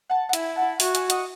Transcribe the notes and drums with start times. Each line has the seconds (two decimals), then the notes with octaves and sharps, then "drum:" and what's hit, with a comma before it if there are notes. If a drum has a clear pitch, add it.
0.10 F#5 A5
0.29 F#5
0.33 E4 E5 G#5, drum: hi-hat
0.56 F#5 A5
0.80 F#4 E5 G#5, drum: open hi-hat
0.95 E5 G#5, drum: hi-hat
1.10 D#5 F#5, drum: hi-hat